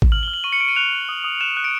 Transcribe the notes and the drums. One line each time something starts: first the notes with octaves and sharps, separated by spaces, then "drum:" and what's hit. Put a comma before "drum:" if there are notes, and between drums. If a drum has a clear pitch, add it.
drum: kick G#1
F6 F#7
G7
F6
F#7
C#6 D#7
C#7
C#6 D7
D#7
F#6 F7
F#6
D#6
D#6
F#6 E7
F#6
D7